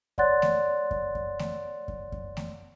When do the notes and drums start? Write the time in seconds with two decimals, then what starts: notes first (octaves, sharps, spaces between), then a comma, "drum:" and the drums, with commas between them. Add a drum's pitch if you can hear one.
0.18 C#5 D5 F#5 C6 F#6 A6, drum: kick F#2
0.42 drum: snare A3
0.91 drum: kick F#2
1.15 drum: kick F#2
1.39 drum: snare A3
1.88 drum: kick F#2
2.12 drum: kick F#2
2.37 drum: snare A3